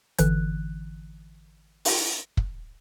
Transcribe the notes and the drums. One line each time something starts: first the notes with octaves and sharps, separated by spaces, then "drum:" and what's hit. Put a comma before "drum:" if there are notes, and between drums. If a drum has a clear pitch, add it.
G#1 D3 E3 F#6, drum: hi-hat
drum: open hi-hat
drum: kick